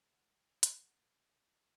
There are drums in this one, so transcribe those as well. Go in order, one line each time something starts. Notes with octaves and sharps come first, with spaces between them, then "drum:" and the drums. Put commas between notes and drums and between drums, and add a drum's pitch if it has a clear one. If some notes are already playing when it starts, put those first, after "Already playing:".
Already playing: C#3 G#3 C#4
F#5
F5
F5, drum: hi-hat
F#5
F5
D#5
F4